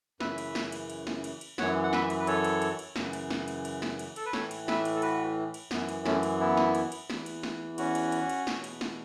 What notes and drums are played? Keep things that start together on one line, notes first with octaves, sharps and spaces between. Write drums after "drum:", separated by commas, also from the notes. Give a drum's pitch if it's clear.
F#2 C#3 E3 B4 E5, drum: snare
drum: cymbal
drum: snare
drum: cymbal
drum: cymbal
drum: snare
drum: cymbal
drum: cymbal
F#2 E3 C#5 F#5, drum: snare
F#5
B4 E5, drum: snare
drum: cymbal
B4
A4 C#5, drum: cymbal
drum: cymbal
drum: cymbal
drum: cymbal
F#2 C#3 E3, drum: snare
drum: cymbal
drum: snare
drum: cymbal
drum: cymbal
drum: snare
drum: cymbal
A4, drum: cymbal
B4
A2 E3 A4 C#5, drum: snare
drum: cymbal
B4 E5, drum: snare
drum: cymbal
A4
F#4 B4, drum: cymbal
drum: cymbal
F#2 E3 B3, drum: snare
drum: cymbal
A3 C#4, drum: snare
drum: cymbal
B3 E4
drum: snare
drum: cymbal
drum: cymbal
E2 E3, drum: snare
drum: cymbal
drum: snare
C#4 F#4, drum: cymbal
drum: cymbal
drum: cymbal
drum: cymbal
E2 B2, drum: snare
drum: cymbal
drum: snare